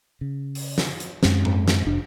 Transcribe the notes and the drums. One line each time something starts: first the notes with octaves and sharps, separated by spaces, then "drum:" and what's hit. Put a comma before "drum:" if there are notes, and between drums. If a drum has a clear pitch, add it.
C#3
drum: open hi-hat
drum: snare
drum: hi-hat
F#2 G#3 C4 C#4, drum: snare
drum: tom G#2
drum: snare
F1 D4